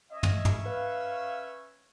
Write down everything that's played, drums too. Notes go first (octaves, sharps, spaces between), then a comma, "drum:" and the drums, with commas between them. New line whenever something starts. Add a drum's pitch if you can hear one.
C#4 C#5 D#5 E5
drum: tom
drum: tom
B4 F5